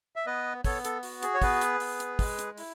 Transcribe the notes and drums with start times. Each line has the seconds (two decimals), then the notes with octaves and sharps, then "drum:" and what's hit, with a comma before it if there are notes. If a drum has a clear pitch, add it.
0.16 E5
0.26 B3 B4 D#5
0.64 B3 A4 C#5, drum: kick, open hi-hat
0.85 A4, drum: hi-hat
1.03 F#4, drum: open hi-hat
1.23 G#4, drum: hi-hat
1.34 C#5
1.42 B3 G#4 B4, drum: kick, open hi-hat
1.61 drum: hi-hat
1.80 B3, drum: open hi-hat
2.00 drum: hi-hat
2.19 G#3, drum: kick, open hi-hat
2.39 drum: hi-hat
2.57 E4, drum: open hi-hat